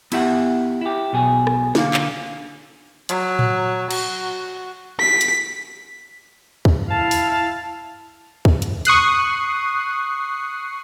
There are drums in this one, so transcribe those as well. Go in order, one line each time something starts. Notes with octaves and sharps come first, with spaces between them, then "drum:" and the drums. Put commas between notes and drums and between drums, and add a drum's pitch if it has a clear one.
B3 E4 G4 E5 F#5, drum: cymbal
E4 G4
B1 B2 G#4
drum: rim click
D3 A#3 F5, drum: snare
drum: clap
F#3, drum: hi-hat
drum: tom A2
F#4, drum: cymbal
B6
drum: hi-hat
drum: kick
E4 F5 A5
drum: open hi-hat
drum: kick
drum: hi-hat
C#6 D#6 F#6 C7, drum: hi-hat